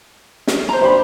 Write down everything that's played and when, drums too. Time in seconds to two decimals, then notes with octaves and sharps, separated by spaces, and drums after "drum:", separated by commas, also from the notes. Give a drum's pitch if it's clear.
0.47 drum: snare
0.69 C5 A#5
0.81 D4 G4 C5 B5